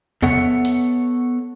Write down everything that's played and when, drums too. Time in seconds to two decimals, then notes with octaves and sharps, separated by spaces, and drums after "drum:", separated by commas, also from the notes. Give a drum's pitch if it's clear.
0.22 B3 A4 C#5 E5 F#5, drum: tom E2
0.65 drum: hi-hat